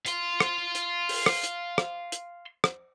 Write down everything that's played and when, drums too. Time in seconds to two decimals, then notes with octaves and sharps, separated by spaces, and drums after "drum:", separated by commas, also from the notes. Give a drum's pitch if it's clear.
0.06 F5 C6, drum: hi-hat
0.40 drum: rim click
0.75 drum: hi-hat
1.09 drum: open hi-hat
1.26 drum: rim click
1.44 drum: hi-hat
1.78 drum: rim click
2.12 drum: hi-hat
2.64 drum: rim click